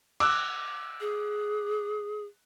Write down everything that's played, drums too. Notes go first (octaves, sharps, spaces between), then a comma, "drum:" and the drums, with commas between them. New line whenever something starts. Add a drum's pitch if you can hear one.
D6 E6 F#6, drum: cymbal
G#4